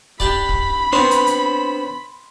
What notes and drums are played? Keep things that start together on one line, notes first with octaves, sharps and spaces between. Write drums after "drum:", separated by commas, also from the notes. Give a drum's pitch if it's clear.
D4 G4 D5 B5, drum: kick
drum: kick
B3 C4 D4 C5 C#5 C6
drum: hi-hat
drum: hi-hat